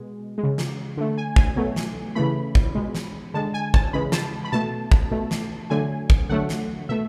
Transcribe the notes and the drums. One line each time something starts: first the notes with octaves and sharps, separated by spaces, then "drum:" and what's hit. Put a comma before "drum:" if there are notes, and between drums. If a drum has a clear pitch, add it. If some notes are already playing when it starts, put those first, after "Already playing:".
Already playing: B2 G#3
G#3
C#3
drum: snare
D3 A3
G#5
G#5, drum: kick
B2 F#3 A3
drum: snare
C#3 E3 A3 B5
drum: kick
B2 G#3
drum: snare
D3 G#3 A5
G#5
A5, drum: kick
C#3 E3 G#3 B5
A5, drum: snare
B5
B2 A3 A5
drum: kick
B2 A3
drum: snare
D3 F#3 A3 G#5
drum: kick
D3 F#3 A3 F#5
drum: snare
B2 A3 E5